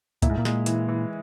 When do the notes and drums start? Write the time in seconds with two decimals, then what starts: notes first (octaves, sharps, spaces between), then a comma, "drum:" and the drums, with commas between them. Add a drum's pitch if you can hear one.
0.22 A#2 E4, drum: kick C#2, hi-hat
0.30 G#2
0.38 A#2
0.45 G#3, drum: snare
0.66 E3, drum: hi-hat
0.89 E3